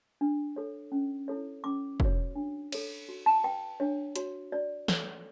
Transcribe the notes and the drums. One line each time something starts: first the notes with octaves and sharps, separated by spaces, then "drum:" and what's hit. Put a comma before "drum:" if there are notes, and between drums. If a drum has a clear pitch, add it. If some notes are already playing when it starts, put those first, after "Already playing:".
D4
A4 C#5
C#4
E4 A4 C#5
C#4 D6
F#4, drum: kick
C#5
D4
A4 C#5, drum: cymbal
F#4
A5
B4 G5
D4 C#5
F#4 C#5, drum: hi-hat
F#4 D5
A4 C#5, drum: snare